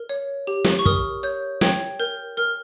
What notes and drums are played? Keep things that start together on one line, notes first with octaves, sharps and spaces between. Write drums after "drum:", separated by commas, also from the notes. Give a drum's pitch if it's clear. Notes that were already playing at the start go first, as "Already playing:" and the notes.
Already playing: A#4
C#5
G4
drum: snare
C#6
A#4 D#6, drum: kick
C#5 G6
G5 G#6, drum: snare
A#4 G6
A#4 F6